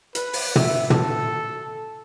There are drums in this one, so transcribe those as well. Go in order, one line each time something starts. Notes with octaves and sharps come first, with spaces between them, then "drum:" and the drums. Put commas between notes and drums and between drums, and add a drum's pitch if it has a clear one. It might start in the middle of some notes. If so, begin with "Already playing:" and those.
B4, drum: hi-hat
drum: open hi-hat
E5, drum: tom
A4, drum: tom